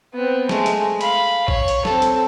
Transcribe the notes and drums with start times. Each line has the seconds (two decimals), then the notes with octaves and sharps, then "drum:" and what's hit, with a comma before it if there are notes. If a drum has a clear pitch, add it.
0.14 B3 C4
0.49 G#3 A3, drum: snare
0.66 drum: hi-hat
1.01 F5 B5, drum: hi-hat
1.48 C#5, drum: kick
1.68 drum: hi-hat
1.85 C4 A4, drum: snare
2.02 drum: hi-hat